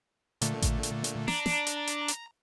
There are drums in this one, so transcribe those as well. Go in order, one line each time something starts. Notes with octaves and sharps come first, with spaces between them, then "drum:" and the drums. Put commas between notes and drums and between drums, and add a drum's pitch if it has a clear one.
A#2 D3 A3, drum: hi-hat
drum: kick A1, hi-hat
drum: hi-hat
drum: hi-hat
D4 A#5, drum: snare
drum: snare
drum: hi-hat
drum: hi-hat
drum: hi-hat